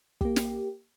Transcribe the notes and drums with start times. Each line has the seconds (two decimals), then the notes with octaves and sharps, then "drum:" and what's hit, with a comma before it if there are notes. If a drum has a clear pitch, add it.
0.21 A#3 G4, drum: kick
0.36 drum: snare